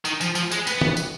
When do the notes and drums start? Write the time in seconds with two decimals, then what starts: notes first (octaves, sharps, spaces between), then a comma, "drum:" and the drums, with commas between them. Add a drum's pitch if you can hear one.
0.05 D#3, drum: tambourine
0.21 F3, drum: tambourine
0.35 F3, drum: tambourine
0.52 G#3, drum: tambourine
0.67 B3, drum: tambourine
0.81 drum: tom
0.97 drum: tambourine